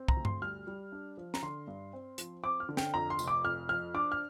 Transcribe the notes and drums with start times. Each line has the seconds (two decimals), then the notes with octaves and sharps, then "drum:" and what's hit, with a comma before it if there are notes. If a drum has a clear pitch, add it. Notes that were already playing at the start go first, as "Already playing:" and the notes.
Already playing: C4
0.08 A#5, drum: kick
0.17 D2
0.25 C6, drum: tom G2
0.42 G3 F6
0.67 G3
0.92 D4
1.18 F3
1.34 A#5, drum: snare
1.43 D3 C6
1.67 G2
1.93 C4
2.18 F3, drum: hi-hat
2.43 C4 D6
2.60 F6
2.69 D3
2.77 G5, drum: snare
2.94 F2 A#5
3.10 C6
3.19 F1, drum: tambourine
3.28 D6
3.44 F2 F6
3.69 F3 F6
3.94 D4 D6
4.12 F6